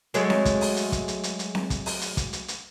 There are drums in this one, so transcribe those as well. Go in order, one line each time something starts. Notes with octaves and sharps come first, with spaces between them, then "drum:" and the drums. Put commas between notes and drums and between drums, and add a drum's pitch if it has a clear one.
F#3 G#3 A3, drum: hi-hat
drum: snare C4
drum: kick, hi-hat
drum: open hi-hat
drum: hi-hat
drum: kick, hi-hat
drum: hi-hat
drum: hi-hat
drum: hi-hat
drum: snare C4
drum: kick, hi-hat
drum: open hi-hat
drum: hi-hat
drum: kick, hi-hat
drum: hi-hat
drum: hi-hat